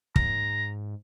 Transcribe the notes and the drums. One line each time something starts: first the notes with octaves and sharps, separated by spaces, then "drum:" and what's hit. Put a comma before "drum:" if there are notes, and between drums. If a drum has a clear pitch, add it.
G#2 A#5, drum: kick